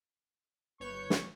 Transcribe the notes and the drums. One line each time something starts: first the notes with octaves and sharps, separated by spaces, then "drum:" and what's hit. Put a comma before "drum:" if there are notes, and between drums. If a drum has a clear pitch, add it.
G1 B4 C#5 C#6 G6
drum: snare